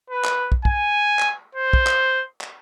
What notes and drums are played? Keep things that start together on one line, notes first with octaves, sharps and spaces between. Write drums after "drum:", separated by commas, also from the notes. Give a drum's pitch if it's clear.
B4
drum: clap
drum: kick
G#5, drum: kick
drum: clap
C5
drum: kick
drum: clap
drum: clap